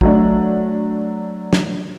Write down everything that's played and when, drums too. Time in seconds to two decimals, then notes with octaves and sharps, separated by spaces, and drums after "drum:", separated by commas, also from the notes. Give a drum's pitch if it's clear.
0.01 F#3 A3 D4, drum: kick
1.53 drum: snare